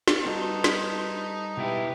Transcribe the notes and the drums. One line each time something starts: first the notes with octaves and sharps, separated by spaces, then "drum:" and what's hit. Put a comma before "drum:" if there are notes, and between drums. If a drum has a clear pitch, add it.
drum: snare
G3 C4 D#4 F#4 A4 B4
drum: snare
B2 E4 G4 B4 E5